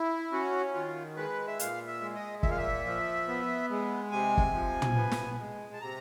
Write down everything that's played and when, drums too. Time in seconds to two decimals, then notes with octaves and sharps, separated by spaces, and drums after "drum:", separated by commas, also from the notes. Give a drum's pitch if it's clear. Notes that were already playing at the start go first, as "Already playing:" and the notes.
Already playing: E4
0.32 C#4 F#4
0.74 D#3 F4
1.16 G#3 B4
1.47 E5
1.59 A#2 F5, drum: hi-hat
1.87 E5
2.01 G#3
2.15 D#5
2.43 A#2 E5, drum: kick
2.51 F5
2.58 E5
2.86 F3
3.28 B3
3.70 G#3
4.12 C3 G#5
4.38 drum: kick
4.54 F3
4.82 drum: tom
4.97 B3
5.11 drum: snare
5.39 G#3
5.73 A5
5.81 C3 A#5